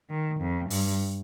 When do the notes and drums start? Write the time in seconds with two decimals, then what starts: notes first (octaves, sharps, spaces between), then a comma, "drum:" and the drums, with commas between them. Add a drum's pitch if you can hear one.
0.10 D#3
0.41 F2
0.70 G2, drum: open hi-hat